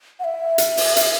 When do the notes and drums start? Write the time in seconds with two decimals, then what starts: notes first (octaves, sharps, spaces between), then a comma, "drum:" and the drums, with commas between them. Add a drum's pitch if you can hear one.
0.20 F#5
0.24 E5
0.58 drum: hi-hat
0.77 drum: open hi-hat
0.97 drum: hi-hat